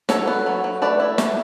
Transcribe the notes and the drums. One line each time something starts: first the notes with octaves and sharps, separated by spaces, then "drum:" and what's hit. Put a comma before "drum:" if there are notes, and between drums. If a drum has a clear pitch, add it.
F#3 A4 C#5, drum: snare
B3
F#3
F#3
A3 B4 D5
E4
A3, drum: snare